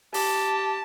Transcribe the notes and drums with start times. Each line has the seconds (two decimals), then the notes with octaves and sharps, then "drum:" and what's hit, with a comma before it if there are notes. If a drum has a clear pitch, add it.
0.14 G4 A5, drum: open hi-hat